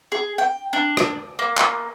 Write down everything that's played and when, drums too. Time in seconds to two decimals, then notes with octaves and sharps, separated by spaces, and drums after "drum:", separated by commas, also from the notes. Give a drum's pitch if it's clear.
0.12 G#4
0.38 G5
0.73 D4
0.97 drum: rim click
1.39 A#3
1.57 drum: clap